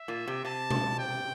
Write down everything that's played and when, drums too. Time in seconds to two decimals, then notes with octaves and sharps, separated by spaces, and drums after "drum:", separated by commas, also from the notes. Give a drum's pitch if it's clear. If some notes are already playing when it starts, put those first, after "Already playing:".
Already playing: E5
0.08 A#2
0.28 C3
0.45 C3 A5
0.71 drum: tom
0.99 G5